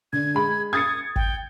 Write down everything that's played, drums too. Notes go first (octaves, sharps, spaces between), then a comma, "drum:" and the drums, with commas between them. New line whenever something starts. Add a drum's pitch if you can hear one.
D3 G#6
G#3 B5
D#6 G#6 A6 C#7
G5, drum: kick G1